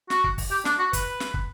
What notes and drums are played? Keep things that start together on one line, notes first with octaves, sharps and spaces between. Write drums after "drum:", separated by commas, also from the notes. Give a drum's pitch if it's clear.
F#4, drum: snare
drum: kick
drum: kick, open hi-hat
G4
D4, drum: snare
F#4
B4, drum: kick, hi-hat
drum: snare
drum: kick